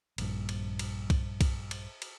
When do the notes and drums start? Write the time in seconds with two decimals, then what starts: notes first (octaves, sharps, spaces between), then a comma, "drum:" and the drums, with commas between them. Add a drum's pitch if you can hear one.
0.18 A#1 G2, drum: cymbal
0.49 drum: cymbal
0.79 drum: cymbal
1.10 drum: kick B1, cymbal
1.41 drum: kick B1, cymbal
1.71 drum: cymbal
2.02 drum: cymbal